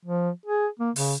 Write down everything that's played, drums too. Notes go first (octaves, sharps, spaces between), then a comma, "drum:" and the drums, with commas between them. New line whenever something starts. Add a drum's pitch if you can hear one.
F3
G#4
A#3
C#3, drum: open hi-hat